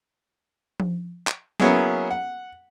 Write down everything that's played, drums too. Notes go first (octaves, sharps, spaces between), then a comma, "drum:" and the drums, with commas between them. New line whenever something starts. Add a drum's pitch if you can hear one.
drum: tom F3
drum: clap
F#3 A#3 B3 C#4 E4 G#4, drum: snare
F#5